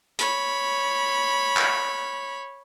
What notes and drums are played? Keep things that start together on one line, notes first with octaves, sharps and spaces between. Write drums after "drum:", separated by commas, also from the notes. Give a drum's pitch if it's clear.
C#5 B5, drum: hi-hat
drum: clap